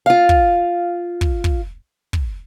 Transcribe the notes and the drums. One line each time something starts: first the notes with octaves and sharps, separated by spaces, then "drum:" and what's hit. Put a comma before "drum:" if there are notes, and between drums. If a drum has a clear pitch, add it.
F4 F5
drum: kick
drum: kick
drum: kick
drum: kick